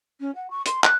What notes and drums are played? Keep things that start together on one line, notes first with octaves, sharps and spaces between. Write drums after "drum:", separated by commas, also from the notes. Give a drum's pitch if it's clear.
C#4
F#5
C#6
C6, drum: hi-hat
F#6, drum: clap